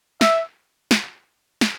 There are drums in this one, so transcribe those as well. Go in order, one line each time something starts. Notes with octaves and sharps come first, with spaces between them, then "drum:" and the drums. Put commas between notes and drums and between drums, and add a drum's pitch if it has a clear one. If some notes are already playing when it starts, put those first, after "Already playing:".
E5, drum: snare
drum: snare
drum: snare